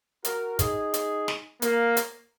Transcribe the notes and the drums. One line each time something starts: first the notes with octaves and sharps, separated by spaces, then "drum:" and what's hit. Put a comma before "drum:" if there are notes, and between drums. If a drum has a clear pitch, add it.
F#4 A#4, drum: hi-hat
D#4 G#4, drum: kick, hi-hat
drum: hi-hat
drum: snare
A#3, drum: hi-hat
drum: hi-hat